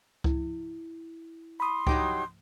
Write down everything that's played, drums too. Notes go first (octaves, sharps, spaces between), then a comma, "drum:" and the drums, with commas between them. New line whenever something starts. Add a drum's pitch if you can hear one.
E4, drum: kick C#2
B5 C6 D#6
F#3 D#4 G4, drum: kick C#2